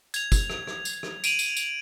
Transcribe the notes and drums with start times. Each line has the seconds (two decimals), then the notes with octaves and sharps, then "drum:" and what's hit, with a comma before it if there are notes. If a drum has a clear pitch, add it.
0.14 G#6 F7, drum: tambourine
0.32 drum: kick, tambourine
0.50 drum: rim click
0.67 drum: rim click
0.85 drum: tambourine
1.03 drum: rim click
1.24 D7 D#7 F7 F#7, drum: tambourine
1.39 drum: tambourine
1.57 drum: tambourine